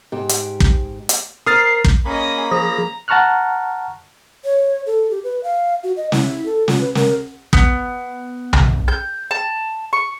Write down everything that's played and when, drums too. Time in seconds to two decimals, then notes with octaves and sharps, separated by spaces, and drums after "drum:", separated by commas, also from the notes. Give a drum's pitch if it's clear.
0.12 G#2 G4
0.29 drum: hi-hat
0.60 drum: kick
1.09 drum: hi-hat
1.46 A#4 C5 D#6 F6 A6 C7
1.84 drum: kick
2.05 A#3 C#4 G#4 D#5 B5
2.51 F3 G#4 A#5 A#6
3.08 F#5 A5 A#5 C#6 F6 F#6
4.45 C#5
4.86 A4
5.11 G4
5.24 B4
5.44 F5
5.83 F#4
5.97 D#5
6.12 E4, drum: snare
6.46 A4
6.68 F4, drum: snare
6.81 B4
6.95 A#4, drum: snare
7.53 B3, drum: kick
8.53 drum: tom B1
8.88 G6
9.31 A5
9.93 C#6